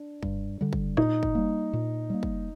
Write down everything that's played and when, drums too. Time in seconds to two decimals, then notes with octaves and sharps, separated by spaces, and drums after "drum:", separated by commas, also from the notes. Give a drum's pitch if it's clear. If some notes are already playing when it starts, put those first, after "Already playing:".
Already playing: D4
0.23 G2, drum: kick
0.61 D3 G3
0.73 drum: kick
0.97 A#2 D#4, drum: rim click
1.23 drum: kick
1.35 G3 A#3
1.73 A#2
2.10 G3 A#3
2.23 drum: kick